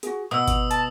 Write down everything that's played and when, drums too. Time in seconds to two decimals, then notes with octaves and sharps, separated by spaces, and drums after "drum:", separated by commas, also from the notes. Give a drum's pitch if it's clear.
0.03 F#4 G#4, drum: hi-hat
0.31 B2 F#5 D#6 E6
0.48 drum: kick G1, hi-hat
0.71 A5, drum: hi-hat